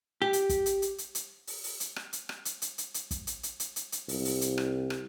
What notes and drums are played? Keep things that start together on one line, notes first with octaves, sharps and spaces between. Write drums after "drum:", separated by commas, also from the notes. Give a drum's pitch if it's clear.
G4
drum: hi-hat
drum: kick, hi-hat
drum: hi-hat
drum: hi-hat
drum: hi-hat
drum: hi-hat
drum: open hi-hat
drum: open hi-hat
drum: hi-hat
drum: rim click
drum: hi-hat
drum: rim click
drum: hi-hat
drum: hi-hat
drum: hi-hat
drum: hi-hat
drum: kick, hi-hat
drum: hi-hat
drum: hi-hat
drum: hi-hat
drum: hi-hat
drum: hi-hat
C2, drum: open hi-hat
drum: open hi-hat
drum: hi-hat
drum: rim click
drum: rim click